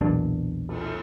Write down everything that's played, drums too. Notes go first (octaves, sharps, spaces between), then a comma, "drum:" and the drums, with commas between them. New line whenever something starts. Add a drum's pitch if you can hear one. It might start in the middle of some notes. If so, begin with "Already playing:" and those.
B1 E2 A#2 D4
drum: cymbal